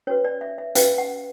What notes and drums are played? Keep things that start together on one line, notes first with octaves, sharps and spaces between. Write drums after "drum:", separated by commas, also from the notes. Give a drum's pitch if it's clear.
C#4 F#4 B4 C#5
D5
E5
E5
C#4 F#4 B4 F5, drum: hi-hat
F#5